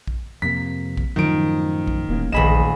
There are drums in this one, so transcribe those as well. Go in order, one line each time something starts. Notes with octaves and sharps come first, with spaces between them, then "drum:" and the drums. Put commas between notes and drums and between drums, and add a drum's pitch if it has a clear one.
drum: kick
F2 C3 A#3 B6
drum: kick
F#2 A2 D#3 F3 D7
drum: kick
D#1 A1 A#3 C#4
D#1 A#1 G#4 D#5 B5 E7